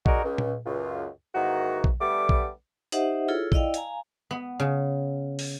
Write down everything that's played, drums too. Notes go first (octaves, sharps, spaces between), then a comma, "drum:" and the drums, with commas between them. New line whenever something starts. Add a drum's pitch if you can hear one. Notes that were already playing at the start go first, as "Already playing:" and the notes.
D#4 F#4 G#4 A#4 D5 D#5, drum: kick A#1
C#2
drum: tom A#2
C#2 F#2 F4
G#2 D#3 E3 A#3 F#4
drum: kick A#1
D3 G3 A3 B3 D6
drum: kick A#1
D#4 G4 C5 D#5 E5 F#5, drum: hi-hat
E4 F4 G#4 A4 C#5
E4 D5 D#5 F5 G5, drum: kick A#1
F5 G#5 A#5, drum: hi-hat
B3
C#3
drum: open hi-hat